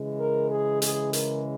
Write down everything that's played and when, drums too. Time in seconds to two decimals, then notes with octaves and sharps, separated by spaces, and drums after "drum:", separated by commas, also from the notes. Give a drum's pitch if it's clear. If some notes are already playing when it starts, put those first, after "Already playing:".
Already playing: C#3 E3 G#3
0.20 A#4
0.51 G#4
0.82 G#4, drum: hi-hat
1.13 A#4, drum: hi-hat